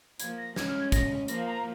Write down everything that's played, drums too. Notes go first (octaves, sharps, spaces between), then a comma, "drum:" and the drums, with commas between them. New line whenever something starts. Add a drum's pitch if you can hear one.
F3 A#3 G#6, drum: hi-hat
A#6
G#3 C#4 G#6, drum: snare
F6
G#6
A#6, drum: kick, hi-hat
F3 A#3 A#6, drum: hi-hat
A#5